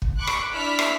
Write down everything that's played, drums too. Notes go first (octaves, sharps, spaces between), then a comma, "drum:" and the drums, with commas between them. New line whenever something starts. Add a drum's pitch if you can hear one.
drum: kick
B5 C#6 D6 F#6
drum: rim click
D4 E4 E5 B5 F6 B6
drum: rim click